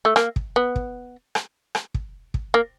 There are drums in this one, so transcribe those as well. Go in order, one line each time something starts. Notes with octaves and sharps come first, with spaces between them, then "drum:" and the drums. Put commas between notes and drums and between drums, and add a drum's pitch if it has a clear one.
A3
A#3, drum: rim click
drum: kick
B3
drum: kick
drum: rim click
drum: rim click
drum: kick
drum: kick
A#3